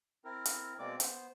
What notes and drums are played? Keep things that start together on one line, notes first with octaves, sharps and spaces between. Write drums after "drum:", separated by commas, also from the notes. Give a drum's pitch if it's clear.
C4 E4 A#4
drum: hi-hat
B2 G#3 A#3 C4 D5 D6
B3 C5, drum: hi-hat